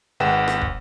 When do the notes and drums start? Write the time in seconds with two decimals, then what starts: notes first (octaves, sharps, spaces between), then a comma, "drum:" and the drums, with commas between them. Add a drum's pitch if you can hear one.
0.20 G#1 G#3 B4 F#5 G5 E7
0.48 drum: rim click
0.61 drum: kick